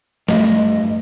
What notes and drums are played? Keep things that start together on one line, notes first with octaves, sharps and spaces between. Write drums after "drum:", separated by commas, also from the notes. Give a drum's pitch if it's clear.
G2 A3 D#5, drum: snare